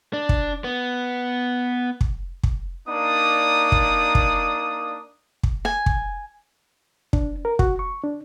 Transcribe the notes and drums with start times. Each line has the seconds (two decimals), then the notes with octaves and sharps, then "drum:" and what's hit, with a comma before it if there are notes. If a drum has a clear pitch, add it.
0.13 D4
0.29 drum: kick
0.64 B3
2.01 drum: kick
2.43 drum: kick
2.89 A#3 D4 D#4 D5 D#6
3.72 drum: kick
4.15 drum: kick
5.43 drum: kick
5.65 G#5
5.86 drum: kick
7.13 D4, drum: kick
7.45 A#4
7.59 F#4, drum: kick
7.79 C#6
8.03 D4